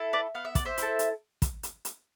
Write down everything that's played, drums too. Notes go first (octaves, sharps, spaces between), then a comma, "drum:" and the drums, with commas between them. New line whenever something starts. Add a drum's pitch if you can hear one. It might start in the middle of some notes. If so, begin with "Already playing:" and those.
Already playing: E4 A4
B4 D5
B3 F5
E5
D5, drum: kick, hi-hat
C5 E5
E4 A4, drum: hi-hat
drum: hi-hat
drum: kick, hi-hat
drum: hi-hat
drum: hi-hat